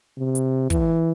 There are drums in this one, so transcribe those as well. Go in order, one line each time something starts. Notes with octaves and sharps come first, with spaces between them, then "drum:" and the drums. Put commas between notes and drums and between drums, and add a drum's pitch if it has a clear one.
C3
drum: hi-hat
E3, drum: kick, hi-hat